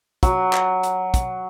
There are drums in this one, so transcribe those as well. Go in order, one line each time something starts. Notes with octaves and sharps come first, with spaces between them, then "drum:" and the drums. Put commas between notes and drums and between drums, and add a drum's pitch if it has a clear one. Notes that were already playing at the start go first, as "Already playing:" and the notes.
F#3, drum: kick, hi-hat
drum: clap
drum: hi-hat
drum: kick, hi-hat